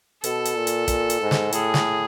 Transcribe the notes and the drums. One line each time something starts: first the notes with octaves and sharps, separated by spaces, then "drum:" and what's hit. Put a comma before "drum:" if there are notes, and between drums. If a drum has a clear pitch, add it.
B2 A4, drum: hi-hat
drum: hi-hat
A#2
drum: hi-hat
A#2, drum: kick, hi-hat
drum: hi-hat
G#2
drum: snare
A2 G#4, drum: hi-hat
drum: snare